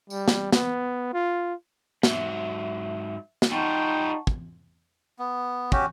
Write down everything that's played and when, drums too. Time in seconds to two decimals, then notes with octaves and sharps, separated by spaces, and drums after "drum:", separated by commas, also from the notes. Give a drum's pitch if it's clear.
0.10 G3, drum: tambourine
0.28 drum: snare
0.52 B3, drum: snare
1.14 F4
2.03 G#2 F#3 E5, drum: snare
3.42 drum: snare
3.51 G3 D#4 F4 F#5 G5 A5 C#6
4.27 drum: kick
5.19 B3
5.72 C#4 F#4 G4, drum: kick